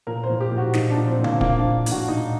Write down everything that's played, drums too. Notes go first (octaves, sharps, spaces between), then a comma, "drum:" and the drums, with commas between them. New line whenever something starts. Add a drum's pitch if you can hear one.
A#2 A#4
C5
A#2
G4
A#2
F#4
A#2 D#4, drum: snare
D4
A#2
C4
A#2
A#3, drum: tom D3
A#2 A#3, drum: kick
D4
A#2
A#2, drum: hi-hat
F#4
A#2 D#4